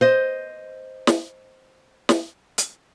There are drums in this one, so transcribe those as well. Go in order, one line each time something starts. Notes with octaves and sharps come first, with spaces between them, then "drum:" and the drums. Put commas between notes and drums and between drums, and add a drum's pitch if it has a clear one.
C5 D#5
drum: snare
drum: snare
drum: hi-hat